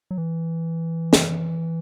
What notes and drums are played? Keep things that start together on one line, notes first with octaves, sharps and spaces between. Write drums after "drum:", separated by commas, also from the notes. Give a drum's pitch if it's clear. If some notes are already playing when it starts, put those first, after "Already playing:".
F#3
E3
drum: snare